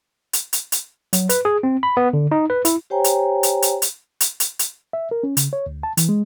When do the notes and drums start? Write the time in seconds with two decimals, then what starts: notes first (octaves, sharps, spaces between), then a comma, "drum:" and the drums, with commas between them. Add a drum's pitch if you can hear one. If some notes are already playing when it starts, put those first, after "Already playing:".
0.33 drum: hi-hat
0.53 drum: hi-hat
0.72 drum: hi-hat
1.13 F#3, drum: hi-hat
1.29 B4, drum: hi-hat
1.45 G#4
1.63 C4
1.83 B5
1.97 B3
2.13 D3
2.32 D#4
2.50 B4
2.65 E4, drum: hi-hat
2.90 G4 C5 C#5 G5 G#5 A#5
3.04 drum: hi-hat
3.43 drum: hi-hat
3.62 drum: hi-hat
3.82 drum: hi-hat
4.21 drum: hi-hat
4.40 drum: hi-hat
4.59 drum: hi-hat
4.93 E5
5.11 A#4
5.23 C#4
5.37 C#3, drum: hi-hat
5.53 C#5
5.66 D2
5.83 A5
5.97 E3, drum: hi-hat
6.09 G#3